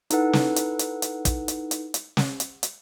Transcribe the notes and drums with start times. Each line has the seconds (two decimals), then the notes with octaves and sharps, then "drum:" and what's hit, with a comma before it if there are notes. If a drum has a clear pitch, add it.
0.10 D#4 E4 A4 B4 F#5, drum: hi-hat
0.33 drum: snare
0.56 drum: hi-hat
0.79 drum: hi-hat
1.02 drum: hi-hat
1.25 drum: kick, hi-hat
1.48 drum: hi-hat
1.71 drum: hi-hat
1.94 drum: hi-hat
2.17 drum: snare
2.40 drum: hi-hat
2.63 drum: hi-hat